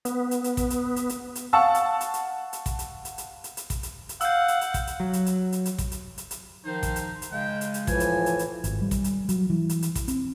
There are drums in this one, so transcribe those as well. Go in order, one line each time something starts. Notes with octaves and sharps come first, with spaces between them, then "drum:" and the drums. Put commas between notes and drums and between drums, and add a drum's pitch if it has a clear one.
B3, drum: hi-hat
drum: hi-hat
drum: hi-hat
drum: kick, hi-hat
drum: hi-hat
drum: hi-hat
drum: hi-hat
drum: hi-hat
F5 F#5 A5 C#6 E6
drum: hi-hat
drum: hi-hat
drum: hi-hat
drum: hi-hat
drum: kick, hi-hat
drum: hi-hat
drum: hi-hat
drum: hi-hat
drum: hi-hat
drum: hi-hat
drum: kick, hi-hat
drum: hi-hat
drum: hi-hat
F5 F#5 E6 G6, drum: hi-hat
drum: hi-hat
drum: hi-hat
drum: kick, hi-hat
drum: hi-hat
F#3
drum: hi-hat
drum: hi-hat
drum: hi-hat
drum: hi-hat
drum: kick, hi-hat
drum: hi-hat
drum: hi-hat
drum: hi-hat
D#3 F3 D#4 C5
drum: kick, hi-hat
drum: hi-hat
drum: hi-hat
C#3 G#3 G5
drum: hi-hat
drum: hi-hat
A2 E3 F3 G#5, drum: kick, hi-hat
drum: hi-hat
drum: hi-hat
drum: hi-hat
G#1, drum: hi-hat
G3
drum: kick, hi-hat
drum: hi-hat
F#3, drum: hi-hat
E3
drum: hi-hat
drum: hi-hat
drum: kick, hi-hat
C4, drum: hi-hat